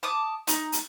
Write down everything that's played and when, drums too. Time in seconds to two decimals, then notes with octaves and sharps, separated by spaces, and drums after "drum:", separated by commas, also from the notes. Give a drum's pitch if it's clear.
0.03 A5 D6 D#6
0.47 D#4, drum: hi-hat
0.72 drum: hi-hat